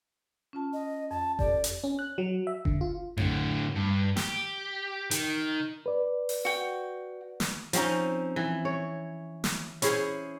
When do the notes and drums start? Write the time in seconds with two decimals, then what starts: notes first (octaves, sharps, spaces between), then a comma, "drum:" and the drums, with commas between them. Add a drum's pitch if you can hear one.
0.53 C#4 F4 A5
0.73 D#5
1.11 F2 A5
1.39 G4 A4 D5, drum: kick F#1
1.64 drum: hi-hat
1.84 C#4
1.99 F#6
2.18 F#3
2.47 E5
2.65 D3, drum: kick F#1
2.81 F4
3.17 A2 D3, drum: tom F2
3.76 G2
4.17 G4, drum: snare
5.11 D#3, drum: hi-hat
5.86 B4 D5
6.29 drum: open hi-hat
6.45 F#4 G5
7.40 drum: snare
7.73 F3 C4 C#4 D#4, drum: hi-hat
8.36 E3
8.65 C#5
9.44 drum: snare
9.82 C#4 E4 G#4 C5, drum: hi-hat